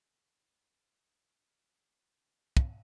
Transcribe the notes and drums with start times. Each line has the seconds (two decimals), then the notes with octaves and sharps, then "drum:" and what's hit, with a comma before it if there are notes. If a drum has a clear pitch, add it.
0.24 B2 D#3 F3
2.57 drum: kick